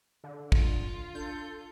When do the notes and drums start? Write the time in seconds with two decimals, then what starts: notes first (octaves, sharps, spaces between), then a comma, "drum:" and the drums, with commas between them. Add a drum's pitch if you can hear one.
0.24 D3
0.52 D#2 F4, drum: kick
1.15 D4 A4 G6